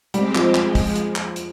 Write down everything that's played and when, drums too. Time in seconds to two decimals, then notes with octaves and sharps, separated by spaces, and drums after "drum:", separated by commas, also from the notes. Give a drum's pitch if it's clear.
0.14 G3 G#3 C4 G4, drum: hi-hat
0.35 F3, drum: clap
0.55 F3 G#3, drum: clap
0.75 drum: kick, open hi-hat
0.95 drum: hi-hat
1.16 drum: clap
1.36 drum: hi-hat